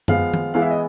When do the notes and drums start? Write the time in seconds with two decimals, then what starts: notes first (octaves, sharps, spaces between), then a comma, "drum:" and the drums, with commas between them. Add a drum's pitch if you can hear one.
0.08 F3 G#3 B3 F5, drum: tom F#2
0.34 drum: tom D#3
0.54 E3 G#3 B3 E4 F5
0.62 E5
0.71 D#5